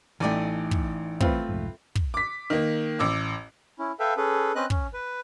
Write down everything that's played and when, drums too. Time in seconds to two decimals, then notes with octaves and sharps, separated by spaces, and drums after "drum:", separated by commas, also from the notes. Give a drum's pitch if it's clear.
0.20 A1 E3 A3 D#4 D5 G5 G#5
0.71 drum: kick
1.20 A3 C4 F4 B4, drum: kick
1.49 C2 F2 G#2
1.95 drum: kick
2.14 D6 B6
2.50 D#3 A#3
2.99 A1 D6 E6
3.79 C#4 E4
4.00 A4 B4 E5 F5 G5
4.17 C#4 G#4 A4 B4
4.55 C4 C#4 B4 D#5 F#6
4.70 C#4, drum: kick
4.93 B4